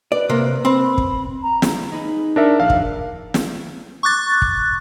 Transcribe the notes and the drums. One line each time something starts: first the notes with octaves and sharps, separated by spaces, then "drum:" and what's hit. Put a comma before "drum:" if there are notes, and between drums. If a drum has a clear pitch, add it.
B4 D5
C3 A#3
C4 B5
drum: kick
A#5
drum: snare
D#4 G#4 B4
D4 A#4 E5 A#6 B6 C#7
A#1 F5 F#6
drum: kick
drum: snare
C#6 D6 F#6 A6
drum: kick